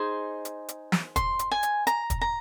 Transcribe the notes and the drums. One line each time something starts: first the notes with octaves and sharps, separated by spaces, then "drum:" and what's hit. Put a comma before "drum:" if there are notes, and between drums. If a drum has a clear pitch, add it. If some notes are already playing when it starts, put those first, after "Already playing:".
Already playing: D#4 G#4 C5 C6
drum: hi-hat
drum: hi-hat
drum: snare
C6, drum: kick, hi-hat
drum: hi-hat
G#5
drum: hi-hat
A#5, drum: hi-hat
drum: kick, hi-hat
A#5